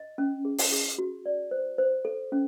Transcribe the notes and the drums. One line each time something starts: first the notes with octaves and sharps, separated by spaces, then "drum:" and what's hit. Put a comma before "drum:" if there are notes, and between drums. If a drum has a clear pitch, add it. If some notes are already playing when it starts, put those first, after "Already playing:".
Already playing: D#5
C#4
G#4
drum: open hi-hat
G#4
F#4
D5
C5
C5
A4
C#4